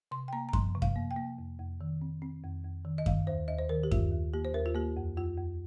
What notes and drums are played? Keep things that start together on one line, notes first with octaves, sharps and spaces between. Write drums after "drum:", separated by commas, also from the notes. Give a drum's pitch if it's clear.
C3 C6
G5
A#3 A#5
A#5
F3 C6, drum: kick F#2
C3
F5, drum: kick F#2
A#3
G5
A#3
F2
F2
D#3
C4
C4
F2
F2
D#3
D#5
D#3 F5, drum: kick F#2
D#2 C5
D#2 D#5
C5
D#3 A#4
G4
D#2 F4, drum: kick F#2
D#2
A#3 G4
C5
D#2 A#4
F4
A#3 G4
F2
F2 F4
F2